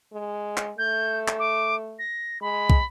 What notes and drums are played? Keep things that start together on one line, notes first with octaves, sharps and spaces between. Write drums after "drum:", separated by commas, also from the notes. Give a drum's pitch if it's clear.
G#3
drum: clap
A3 G6
drum: clap
D6
A#6
G#3 B5
drum: kick